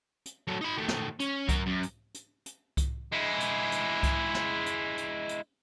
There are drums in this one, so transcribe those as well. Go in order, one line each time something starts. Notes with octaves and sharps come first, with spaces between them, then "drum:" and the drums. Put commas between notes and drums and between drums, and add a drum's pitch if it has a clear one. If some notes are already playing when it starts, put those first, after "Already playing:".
drum: hi-hat
F#3 A3
D#4 B5
D#3 A3
drum: snare
C#4, drum: hi-hat
F#3 A#4, drum: kick C2, hi-hat
F#2
drum: hi-hat
drum: hi-hat
drum: hi-hat
drum: kick C2, hi-hat
G#3 E4
drum: hi-hat
drum: hi-hat
drum: kick C2, hi-hat
drum: snare
drum: hi-hat
drum: hi-hat
drum: hi-hat